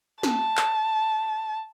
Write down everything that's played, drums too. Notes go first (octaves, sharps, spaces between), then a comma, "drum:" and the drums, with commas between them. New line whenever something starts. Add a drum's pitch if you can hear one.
A5, drum: snare
drum: clap